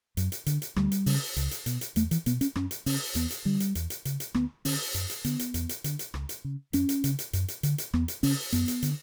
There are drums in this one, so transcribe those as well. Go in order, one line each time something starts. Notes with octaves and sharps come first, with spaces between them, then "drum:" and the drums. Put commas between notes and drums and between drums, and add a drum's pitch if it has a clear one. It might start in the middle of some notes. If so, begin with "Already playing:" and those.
F#2, drum: hi-hat
drum: hi-hat
D3, drum: hi-hat
drum: hi-hat
D2 G3, drum: rim click
drum: hi-hat
C#3, drum: open hi-hat
C#2, drum: hi-hat
drum: hi-hat
B2, drum: hi-hat
drum: hi-hat
E2 A3, drum: hi-hat
E3, drum: hi-hat
B2 B3, drum: hi-hat
C#4, drum: hi-hat
F#2 C#4, drum: rim click
drum: hi-hat
C#3 C#4, drum: open hi-hat
E2 B3, drum: hi-hat
drum: hi-hat
D3 G3
drum: hi-hat
E2, drum: hi-hat
drum: hi-hat
C#3, drum: hi-hat
drum: hi-hat
D2 B3, drum: rim click
D3 C#4, drum: open hi-hat
F#2, drum: hi-hat
drum: hi-hat
D3 B3, drum: hi-hat
drum: hi-hat
E2, drum: hi-hat
drum: hi-hat
D3, drum: hi-hat
drum: hi-hat
C#2, drum: rim click
drum: hi-hat
C#3
F#2 C#4, drum: hi-hat
drum: hi-hat
C#3, drum: hi-hat
drum: hi-hat
F#2, drum: hi-hat
drum: hi-hat
D3, drum: hi-hat
drum: hi-hat
E2 B3, drum: rim click
drum: hi-hat
C#3 C#4, drum: open hi-hat
F#2 B3, drum: hi-hat
drum: hi-hat
D3, drum: hi-hat